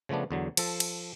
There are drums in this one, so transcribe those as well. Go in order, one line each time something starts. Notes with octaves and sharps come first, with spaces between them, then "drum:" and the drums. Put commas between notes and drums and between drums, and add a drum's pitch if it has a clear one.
C#3 F3 A3 B3 D4
E2 D3 F#3
F3 A4, drum: cymbal
drum: cymbal